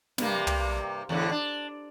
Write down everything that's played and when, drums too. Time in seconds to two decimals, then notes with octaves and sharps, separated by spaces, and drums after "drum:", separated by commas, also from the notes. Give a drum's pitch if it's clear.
0.18 G2 C3 A#3, drum: snare
0.47 drum: tom
1.09 E2 A2 D3
1.32 D4